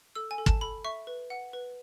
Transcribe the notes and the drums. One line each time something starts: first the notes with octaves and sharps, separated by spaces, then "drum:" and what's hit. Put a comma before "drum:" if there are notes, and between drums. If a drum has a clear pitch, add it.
A4 E6
G#5
A4
A5, drum: kick
A4 B5
E5 C#6
B4
F#5
B4